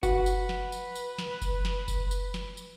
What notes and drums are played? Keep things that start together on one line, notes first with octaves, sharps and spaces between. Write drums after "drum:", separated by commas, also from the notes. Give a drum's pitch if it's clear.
F#4 B4, drum: kick F#1, tambourine
drum: tambourine
drum: snare
drum: tambourine
drum: tambourine
drum: snare
drum: kick F#1, tambourine
drum: snare
drum: kick F#1, tambourine
drum: tambourine
drum: snare
drum: tambourine